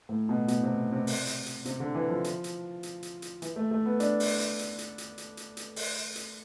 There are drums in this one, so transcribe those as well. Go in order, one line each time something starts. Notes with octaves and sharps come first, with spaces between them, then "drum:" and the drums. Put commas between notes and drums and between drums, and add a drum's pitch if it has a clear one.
A2
B2
B2, drum: hi-hat
C3
C3
drum: open hi-hat
drum: hi-hat
drum: hi-hat
C3, drum: hi-hat
D3
E3
F3
drum: hi-hat
drum: hi-hat
drum: hi-hat
drum: hi-hat
drum: hi-hat
E3, drum: hi-hat
A3
A3
B3
D4, drum: hi-hat
drum: open hi-hat
drum: hi-hat
drum: hi-hat
drum: hi-hat
drum: hi-hat
drum: hi-hat
drum: hi-hat
drum: hi-hat
drum: open hi-hat
drum: hi-hat